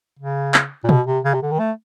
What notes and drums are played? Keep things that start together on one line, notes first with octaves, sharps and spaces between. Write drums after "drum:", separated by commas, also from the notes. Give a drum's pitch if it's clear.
C#3
drum: clap
A#2
B2, drum: tom B2
C3
C#3
C3
D3
D#3
A3